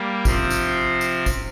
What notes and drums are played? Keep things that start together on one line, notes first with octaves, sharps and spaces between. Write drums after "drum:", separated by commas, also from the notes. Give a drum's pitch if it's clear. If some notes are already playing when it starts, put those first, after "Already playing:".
Already playing: G3 A#3
C3 F3 C4, drum: kick, tambourine
drum: tambourine
drum: tambourine
drum: kick, tambourine